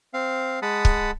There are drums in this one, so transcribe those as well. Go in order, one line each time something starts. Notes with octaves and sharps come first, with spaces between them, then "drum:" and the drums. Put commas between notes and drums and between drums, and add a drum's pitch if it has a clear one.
C4 F5
G#3 F#5 A5 B5 D#6
drum: kick C#1